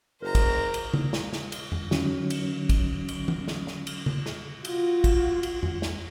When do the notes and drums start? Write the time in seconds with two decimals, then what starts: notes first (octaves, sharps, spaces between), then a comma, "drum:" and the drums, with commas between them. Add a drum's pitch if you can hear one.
0.22 F#1 A#4 C5 A#5
0.35 drum: kick, cymbal
0.74 drum: cymbal
0.93 drum: tom C#3
1.13 drum: snare
1.33 drum: snare
1.52 drum: cymbal
1.72 drum: tom F2
1.91 D3 D#3 F#3 C#4, drum: snare
2.30 drum: cymbal
2.69 drum: kick, cymbal
3.08 drum: cymbal
3.28 drum: tom E3
3.48 drum: snare
3.67 drum: snare
3.87 drum: cymbal
4.06 drum: tom C#3
4.26 drum: snare
4.65 F4 F#4, drum: cymbal
5.04 drum: kick, cymbal
5.43 drum: cymbal
5.63 drum: tom F2
5.82 drum: snare